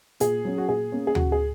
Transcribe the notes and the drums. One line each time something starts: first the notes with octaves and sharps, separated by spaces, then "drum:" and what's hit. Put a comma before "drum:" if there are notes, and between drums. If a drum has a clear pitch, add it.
A#2 G#4, drum: hi-hat
F#3 C#4
F#4
A#2 G#4
A#3 C#4
G#4
C#3 F#4, drum: tom D2
G#4